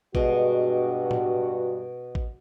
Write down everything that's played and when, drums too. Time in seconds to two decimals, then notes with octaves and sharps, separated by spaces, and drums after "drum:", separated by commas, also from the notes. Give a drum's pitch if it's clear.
0.15 G2 B2 G#3 F#4, drum: kick A1
1.11 drum: tom
2.15 drum: kick A1